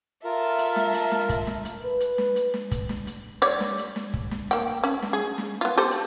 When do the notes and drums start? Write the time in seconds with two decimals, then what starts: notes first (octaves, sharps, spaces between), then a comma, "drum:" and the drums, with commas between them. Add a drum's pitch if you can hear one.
0.24 F4 A4 A#4 E5
0.58 drum: hi-hat
0.76 drum: snare
0.94 drum: hi-hat
1.12 drum: snare
1.29 drum: kick, hi-hat
1.47 drum: snare
1.65 drum: hi-hat
1.83 B4
2.00 drum: hi-hat
2.18 drum: snare
2.36 drum: hi-hat
2.54 drum: snare
2.71 drum: kick, hi-hat
2.89 drum: snare
3.07 drum: hi-hat
3.42 G3 C#5 D5
3.60 drum: snare
3.78 drum: hi-hat
3.96 drum: snare
4.14 drum: kick
4.31 drum: snare
4.51 A#3 G5, drum: hi-hat
4.84 C#4, drum: hi-hat
5.02 drum: snare
5.13 G#4
5.38 drum: snare
5.61 B3 F4
5.77 G4 A4 C5
5.91 drum: hi-hat